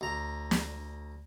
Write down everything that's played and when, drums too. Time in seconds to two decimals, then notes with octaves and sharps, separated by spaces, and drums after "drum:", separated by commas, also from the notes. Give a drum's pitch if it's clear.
0.01 D2 A#5
0.51 drum: snare